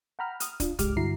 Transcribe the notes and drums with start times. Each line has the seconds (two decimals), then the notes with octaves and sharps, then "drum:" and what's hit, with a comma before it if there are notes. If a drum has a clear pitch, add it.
0.19 F#5 G5 A#5 B5 F6
0.40 D#6 F6, drum: hi-hat
0.60 D4 F4, drum: kick, hi-hat
0.79 G1 C2 G#3 G4 D6 F6, drum: kick, hi-hat
0.96 G2 D3 E4 F#4 A#5 C7